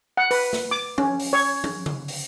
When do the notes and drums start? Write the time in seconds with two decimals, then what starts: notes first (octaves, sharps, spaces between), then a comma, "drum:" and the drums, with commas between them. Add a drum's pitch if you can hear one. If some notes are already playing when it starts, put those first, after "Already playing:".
0.17 F#5
0.31 B4, drum: open hi-hat
0.53 drum: snare
0.71 D6
0.98 C#4, drum: tom
1.19 drum: open hi-hat
1.33 C#5
1.64 drum: tom
1.86 drum: tom C#3
2.08 drum: open hi-hat